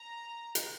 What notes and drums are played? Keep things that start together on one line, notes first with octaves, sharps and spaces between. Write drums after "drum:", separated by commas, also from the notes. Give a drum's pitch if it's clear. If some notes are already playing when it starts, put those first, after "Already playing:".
Already playing: A#5
drum: hi-hat